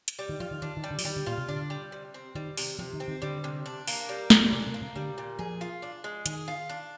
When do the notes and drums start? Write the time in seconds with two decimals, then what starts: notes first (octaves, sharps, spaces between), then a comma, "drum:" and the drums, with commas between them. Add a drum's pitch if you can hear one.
0.08 drum: hi-hat
0.19 G3
0.29 D#3
0.40 F3 F4
0.51 D#3
0.62 D#3 D4
0.77 D#3
0.84 G3
0.91 D3
0.99 F3, drum: open hi-hat
1.05 D#3 G3
1.16 D3
1.26 A#2 F4
1.38 C3
1.48 D3 D4
1.70 G3
1.92 C3
2.14 C4
2.35 D#3 G3
2.57 C3, drum: open hi-hat
2.79 C3 F3
2.93 D#3
3.00 C4
3.08 D#3
3.22 D3 G3
3.44 C3
3.66 D4
3.87 A#3, drum: open hi-hat
4.09 G3
4.30 A#2, drum: snare
4.52 C3 D4
4.67 C3
4.74 A#3
4.81 C3
4.96 D3 G3
5.18 A#2
5.39 F3 G#4
5.61 F4
5.82 D4
6.04 G#3
6.26 D#3 G#4, drum: hi-hat
6.48 F4
6.69 D4